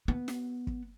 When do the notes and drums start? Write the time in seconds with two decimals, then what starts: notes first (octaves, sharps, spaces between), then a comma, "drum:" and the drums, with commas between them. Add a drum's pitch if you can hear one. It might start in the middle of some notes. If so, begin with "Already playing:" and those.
0.08 B3
0.28 drum: snare
0.67 drum: kick